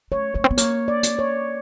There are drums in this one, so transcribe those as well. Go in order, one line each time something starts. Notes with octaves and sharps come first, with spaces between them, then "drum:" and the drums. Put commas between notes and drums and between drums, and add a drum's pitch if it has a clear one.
A3 C#5
A3 C#5
C4
B3
A#3 C#5, drum: hi-hat
D5
drum: hi-hat
C#5